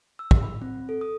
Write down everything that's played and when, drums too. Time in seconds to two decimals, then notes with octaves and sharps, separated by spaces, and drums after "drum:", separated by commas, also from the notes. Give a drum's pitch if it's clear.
0.19 E6
0.31 drum: kick
0.43 B5
0.62 C4
0.89 A4
1.01 D#6